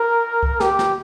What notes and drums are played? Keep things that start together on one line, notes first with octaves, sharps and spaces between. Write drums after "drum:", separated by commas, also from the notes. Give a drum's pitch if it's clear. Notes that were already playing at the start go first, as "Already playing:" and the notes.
Already playing: A#4
drum: kick C2
G4, drum: snare
drum: snare